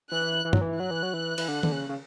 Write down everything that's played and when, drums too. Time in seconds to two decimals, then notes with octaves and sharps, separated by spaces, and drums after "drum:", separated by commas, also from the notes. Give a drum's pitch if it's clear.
0.11 E3 F#6
0.45 E3
0.53 F#3, drum: tom G2
0.61 E3
0.79 F#3 F#6
0.91 E3
1.03 F#3
1.13 E3
1.38 E3, drum: cymbal
1.48 D3
1.63 D3, drum: tom D#3
1.72 C#3
1.89 C#3